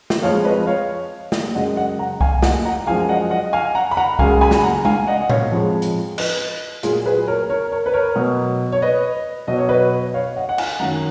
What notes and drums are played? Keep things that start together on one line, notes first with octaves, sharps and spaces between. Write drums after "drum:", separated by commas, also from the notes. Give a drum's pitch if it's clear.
drum: snare
F2 F3 G#3 C#5 F5
B4 D#5
C#5 F5
drum: snare
F#2 C#3 G#3 D#5 F#5
D#5 F#5
F#5 A#5
F5 G#5, drum: kick C2
D#5 F#5, drum: snare
F#5 A#5
F#2 F3 G#3 F5 G#5
D#5 F#5
D#5 F#5
F5 G#5
F#5 A#5
B5
F#5 A#5
F#2 C#3 G#3 F5 G#5, drum: kick C2
G#5 B5
drum: snare
F#5 A#5
F5 G#5, drum: tom G#3
D#5 F#5
F#5
C#5 F5, drum: tom A2
F2 F3 G#3
drum: hi-hat
B4 D#5, drum: cymbal
A#2 F#3 F4 G#4, drum: hi-hat
G#4 B4
A#4 C#5
A#4 C#5
A#4 C#5
B4
A#4 C#5
B2 F#3
C#5
B4 D#5
B2 F#3 D#5
C#5
B4 D#5
C#5 F5
D#5 F#5
F#5
F5 G#5, drum: cymbal
F#2 D#3 F#3 F#5 A#5